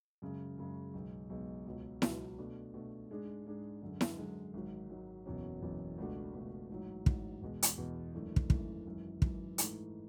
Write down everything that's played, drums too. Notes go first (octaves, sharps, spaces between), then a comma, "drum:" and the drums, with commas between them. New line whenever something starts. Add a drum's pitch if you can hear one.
F#2 C#3 G#3
F#2 C#3 G#3
B1 B2 G#3
B1 B2 G#3
C#2 B2 F#3
C#2 B2 F#3, drum: snare E4
B2 A3 D4
B2 A3 D4
G#2 G#3 D4 G#4
G#2 G#3 D4 G#4
F#2 D3 G#3
drum: snare E4
F#2 D3 G#3
G#1 G#2 F#3
G#1 G#2 F#3
F#1 E2 B2 F#3 C#4
F#1 E2 B2 F#3 C#4
C#2 B2 A3 D4 F#4
C#2 B2 A3 D4 F#4
A1 G#2 F#3
A1 G#2 F#3, drum: kick
E2 B2 G#3
drum: hi-hat
E2 B2 G#3
G#1 F#2 E3 A3 D4
drum: kick
G#1 F#2 E3 A3 D4, drum: kick
G#1 F#2 E3
G#1 F#2 E3, drum: kick
G#2 E3 A3, drum: hi-hat